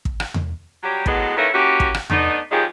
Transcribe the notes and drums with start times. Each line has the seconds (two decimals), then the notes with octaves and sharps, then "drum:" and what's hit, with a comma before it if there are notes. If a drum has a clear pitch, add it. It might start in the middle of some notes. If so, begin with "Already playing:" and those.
0.05 drum: kick
0.20 drum: rim click
0.34 drum: tom E2
0.83 F#3 G3 C#4 G4
1.06 A2 F#3 G#3 B3, drum: kick
1.36 D#3 A#3 C#4 E4 A4 B4
1.53 A#3 C#4 E4 F#4 G4
1.80 drum: kick
1.94 drum: rim click
2.10 A3 B3 D4 D#4, drum: tom E2
2.51 D#3 F3 G#3 G4 G#4 C#5